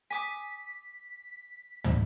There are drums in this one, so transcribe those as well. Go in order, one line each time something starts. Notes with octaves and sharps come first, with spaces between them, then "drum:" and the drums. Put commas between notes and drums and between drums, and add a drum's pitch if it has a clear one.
G#5 D6 D#6 B6
drum: tom